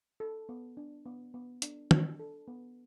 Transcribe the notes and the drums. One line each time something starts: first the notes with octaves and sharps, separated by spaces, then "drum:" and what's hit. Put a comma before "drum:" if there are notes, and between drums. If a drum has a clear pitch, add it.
A4
B3
D4
B3
B3
D4, drum: hi-hat
D4, drum: tom
A4
B3